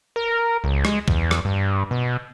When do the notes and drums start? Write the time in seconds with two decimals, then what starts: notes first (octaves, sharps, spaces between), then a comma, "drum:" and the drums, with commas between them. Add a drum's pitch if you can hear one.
0.16 A#4
0.64 C#2
0.85 G#3, drum: rim click
1.08 E2, drum: kick C2
1.31 drum: rim click
1.45 G2
1.91 B2